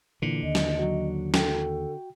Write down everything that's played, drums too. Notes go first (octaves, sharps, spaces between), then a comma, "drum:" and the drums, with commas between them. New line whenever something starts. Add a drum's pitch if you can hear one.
A#2 D3 E3
D#2 D#5
drum: snare
F#3 F#4
F#4 A4 G5, drum: snare